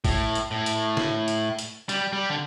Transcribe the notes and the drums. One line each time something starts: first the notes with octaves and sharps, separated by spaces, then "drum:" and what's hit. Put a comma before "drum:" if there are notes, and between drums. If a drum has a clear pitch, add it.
A2, drum: kick A1, open hi-hat
drum: hi-hat
A2
drum: hi-hat
drum: snare
drum: hi-hat
drum: hi-hat
G3, drum: hi-hat
G3
D3